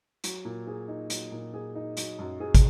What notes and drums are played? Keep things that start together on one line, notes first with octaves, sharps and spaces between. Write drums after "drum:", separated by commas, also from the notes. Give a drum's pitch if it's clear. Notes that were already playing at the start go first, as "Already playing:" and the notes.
F#3, drum: hi-hat
A#2
G#4
D#4
F#3, drum: hi-hat
A#2
G#4
D#4
F#3, drum: hi-hat
F#2
G#4
drum: kick, hi-hat